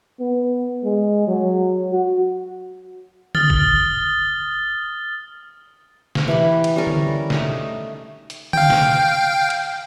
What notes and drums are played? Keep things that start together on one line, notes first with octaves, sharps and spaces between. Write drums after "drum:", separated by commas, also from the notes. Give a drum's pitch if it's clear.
B3
G#3
F#3
F#4
D#6 F6 A6 G7, drum: tom D3
drum: kick
drum: snare
E3 G4 B5
drum: cymbal
G3 C#4 A4 A#4
drum: tom D3
A3 D#4, drum: snare
drum: hi-hat
F5 G5, drum: tom D3
drum: snare
drum: cymbal